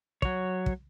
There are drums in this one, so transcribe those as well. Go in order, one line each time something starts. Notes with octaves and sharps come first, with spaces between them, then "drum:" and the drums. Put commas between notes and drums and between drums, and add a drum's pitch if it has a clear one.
F#3 C#5, drum: kick
drum: kick